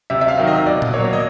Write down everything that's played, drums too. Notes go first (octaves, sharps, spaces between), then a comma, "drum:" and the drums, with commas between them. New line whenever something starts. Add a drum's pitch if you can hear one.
C3 E5
E5
F5
D#3 F#3
D#5
B2 D5
drum: tom A#2
F#3 A#3 C#5
D#5